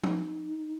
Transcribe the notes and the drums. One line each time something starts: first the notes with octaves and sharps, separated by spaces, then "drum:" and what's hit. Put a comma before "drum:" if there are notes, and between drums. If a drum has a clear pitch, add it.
D#4, drum: tom F3